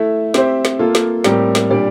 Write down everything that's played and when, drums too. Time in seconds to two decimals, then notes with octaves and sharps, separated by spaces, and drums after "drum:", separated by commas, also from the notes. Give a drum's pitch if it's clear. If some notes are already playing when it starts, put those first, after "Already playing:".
Already playing: A3 E4 A4 E5
0.34 C4 G4 C5 E5, drum: snare
0.65 drum: snare
0.79 A#3 F4 A4
0.95 drum: snare
1.24 A2 G3 C4 G4 A#4, drum: snare
1.55 drum: snare
1.70 A#2 G3 D4 G4 D5